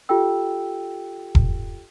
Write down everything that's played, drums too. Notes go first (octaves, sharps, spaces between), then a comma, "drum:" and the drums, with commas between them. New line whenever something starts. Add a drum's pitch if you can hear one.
F4 G4 A4 G5 E6
drum: kick E1